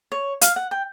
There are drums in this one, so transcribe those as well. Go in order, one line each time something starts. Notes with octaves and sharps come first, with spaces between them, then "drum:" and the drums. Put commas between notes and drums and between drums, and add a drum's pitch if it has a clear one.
C#5
F5, drum: hi-hat
F#5
G5